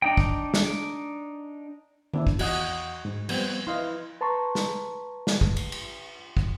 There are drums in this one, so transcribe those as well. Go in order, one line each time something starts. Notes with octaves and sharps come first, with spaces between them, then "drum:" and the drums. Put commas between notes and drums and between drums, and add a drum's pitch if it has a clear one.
D4 D#4 G5
drum: kick
drum: snare
C4 D4 E4, drum: tom D#3
drum: kick
E2 F#4 D#5 F#5 D#6, drum: cymbal
G#2
F3 G3 B3 C4, drum: cymbal
E4 B4 D#5 F5 C6
B4 A5 A#5 C6 C#6
drum: snare
drum: snare
drum: kick
drum: cymbal
drum: cymbal
drum: kick